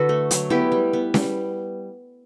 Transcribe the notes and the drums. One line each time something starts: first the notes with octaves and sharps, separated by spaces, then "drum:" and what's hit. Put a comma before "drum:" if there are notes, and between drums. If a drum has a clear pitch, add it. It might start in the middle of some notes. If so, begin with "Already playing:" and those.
Already playing: D3 F#4 A4 B4
A3
F#3, drum: hi-hat
B3 E4 G4
G3
B3
G3, drum: snare C#4